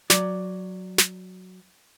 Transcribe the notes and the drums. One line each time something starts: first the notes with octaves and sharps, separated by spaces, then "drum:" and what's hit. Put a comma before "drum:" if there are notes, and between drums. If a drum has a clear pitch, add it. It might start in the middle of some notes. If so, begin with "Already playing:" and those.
F#3 D5, drum: snare
drum: snare